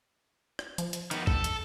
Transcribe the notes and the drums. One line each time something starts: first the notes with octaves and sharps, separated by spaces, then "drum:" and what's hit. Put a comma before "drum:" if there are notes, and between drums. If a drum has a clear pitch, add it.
drum: rim click
F3, drum: hi-hat
drum: hi-hat
D#3 B3, drum: hi-hat
A4, drum: kick A1
drum: hi-hat